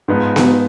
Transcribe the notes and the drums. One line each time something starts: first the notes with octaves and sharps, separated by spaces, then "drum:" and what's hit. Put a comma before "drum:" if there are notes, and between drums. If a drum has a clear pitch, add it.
G#2 F3 G#3 B3 D#4
drum: snare B3